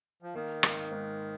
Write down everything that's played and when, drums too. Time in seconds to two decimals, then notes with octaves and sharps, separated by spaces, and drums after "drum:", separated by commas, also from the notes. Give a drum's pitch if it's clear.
0.23 F3
0.34 D#3 A#3
0.63 G#1, drum: rim click
0.92 G#2